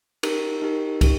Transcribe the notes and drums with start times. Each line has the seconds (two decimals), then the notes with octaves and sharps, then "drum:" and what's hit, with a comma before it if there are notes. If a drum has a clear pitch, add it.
0.23 D#4 G4 A#4, drum: cymbal
0.62 D#4 G4 A#4
1.01 D#4 G4, drum: kick, cymbal